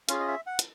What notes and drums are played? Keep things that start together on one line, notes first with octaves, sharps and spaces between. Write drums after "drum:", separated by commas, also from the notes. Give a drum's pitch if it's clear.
C#4 F4 G#4 F5, drum: hi-hat
D#5
E5
F#5
drum: hi-hat